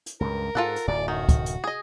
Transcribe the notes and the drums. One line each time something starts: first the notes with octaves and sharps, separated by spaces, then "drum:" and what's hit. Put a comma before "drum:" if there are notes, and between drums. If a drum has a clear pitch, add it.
drum: hi-hat
C#2 G2 A#4
G#2 F4 A4 F#5
drum: hi-hat
D1 F#2 D5
D#3 F#4
drum: kick, hi-hat
drum: hi-hat
G#4 D#5